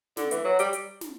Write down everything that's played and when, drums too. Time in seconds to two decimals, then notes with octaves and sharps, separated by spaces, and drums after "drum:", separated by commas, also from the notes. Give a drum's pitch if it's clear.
0.17 D3, drum: snare
0.31 E3, drum: hi-hat
0.44 F#3
0.59 G3, drum: hi-hat
0.73 drum: hi-hat
1.01 drum: snare